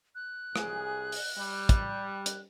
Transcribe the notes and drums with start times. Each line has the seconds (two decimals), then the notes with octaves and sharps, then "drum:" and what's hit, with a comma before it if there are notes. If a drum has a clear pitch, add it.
0.15 F#6
0.56 C2 G#4, drum: rim click
1.12 drum: open hi-hat
1.37 G3
1.69 drum: kick, hi-hat
2.26 drum: hi-hat